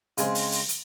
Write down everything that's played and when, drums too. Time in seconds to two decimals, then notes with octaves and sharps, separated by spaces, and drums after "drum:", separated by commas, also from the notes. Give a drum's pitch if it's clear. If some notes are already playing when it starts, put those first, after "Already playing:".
0.18 C#3 G#3 C4, drum: hi-hat
0.35 drum: open hi-hat
0.52 drum: open hi-hat
0.69 drum: hi-hat